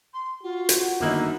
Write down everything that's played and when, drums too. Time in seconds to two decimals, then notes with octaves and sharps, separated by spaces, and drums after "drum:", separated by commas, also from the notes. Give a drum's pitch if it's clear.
0.14 C6
0.43 F4 F#4
0.69 drum: hi-hat
1.00 G1 D3 D#3 A#3 D#4 E4 D#5